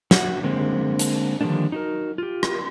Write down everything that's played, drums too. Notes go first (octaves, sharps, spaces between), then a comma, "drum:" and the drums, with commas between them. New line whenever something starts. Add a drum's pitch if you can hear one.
F#4, drum: snare
D3 G#3 A#3 C4
drum: hi-hat
D3 D#3 F3 G3 A#3 D4
D#4 F#4 A#4
F4 G4
drum: rim click